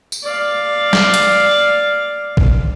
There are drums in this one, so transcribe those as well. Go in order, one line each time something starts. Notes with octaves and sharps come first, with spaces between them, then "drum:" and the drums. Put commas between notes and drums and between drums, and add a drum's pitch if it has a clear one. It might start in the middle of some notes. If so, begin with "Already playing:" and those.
drum: tambourine
D5 F5
drum: snare
drum: hi-hat
drum: kick A#1